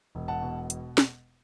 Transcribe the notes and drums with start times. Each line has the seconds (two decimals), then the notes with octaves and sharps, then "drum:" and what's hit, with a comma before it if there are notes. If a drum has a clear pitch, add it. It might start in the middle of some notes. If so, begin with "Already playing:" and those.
0.15 E1
0.28 F#5 A5
0.42 B2
0.70 drum: hi-hat
0.98 drum: snare